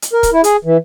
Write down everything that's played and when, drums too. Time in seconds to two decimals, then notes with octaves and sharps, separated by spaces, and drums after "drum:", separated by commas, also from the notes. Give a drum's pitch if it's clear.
0.02 drum: hi-hat
0.13 A#4
0.23 drum: kick C#1, hi-hat
0.32 E4
0.44 G#4, drum: hi-hat
0.65 E3